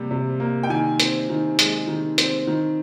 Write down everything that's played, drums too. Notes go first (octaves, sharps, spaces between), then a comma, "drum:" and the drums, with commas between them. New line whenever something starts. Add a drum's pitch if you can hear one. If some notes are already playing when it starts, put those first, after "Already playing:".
Already playing: C3 G3 A#3
C3
A#3
G5
D#3 G#5
C4, drum: hi-hat
D#3
G#3, drum: hi-hat
D#3
C4, drum: hi-hat
D#3